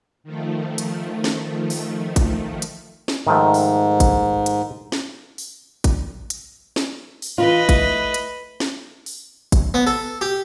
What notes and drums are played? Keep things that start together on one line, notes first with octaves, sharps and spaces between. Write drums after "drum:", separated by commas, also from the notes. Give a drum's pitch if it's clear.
D#3 F3 A3
drum: hi-hat
drum: snare
drum: open hi-hat
drum: kick G#1, hi-hat
drum: hi-hat
drum: snare
G#2 D#3 F3 A3
drum: open hi-hat
drum: kick G#1, hi-hat
drum: hi-hat
drum: snare
drum: open hi-hat
drum: kick G#1, hi-hat
drum: hi-hat
drum: snare
drum: open hi-hat
E3 F4 B4 D#5
A3 E4, drum: kick G#1, hi-hat
drum: hi-hat
drum: snare
drum: open hi-hat
drum: kick G#1, hi-hat
B3
A4
G4